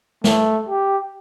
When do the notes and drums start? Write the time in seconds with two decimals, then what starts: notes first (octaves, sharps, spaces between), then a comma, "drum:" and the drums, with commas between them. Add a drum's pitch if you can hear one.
0.24 A3, drum: snare
0.69 G4